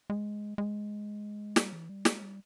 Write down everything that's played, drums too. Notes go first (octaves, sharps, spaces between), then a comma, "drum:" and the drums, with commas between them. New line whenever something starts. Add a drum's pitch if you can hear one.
G#3
G#3
G3, drum: snare
E3
G3
G#3, drum: snare
G3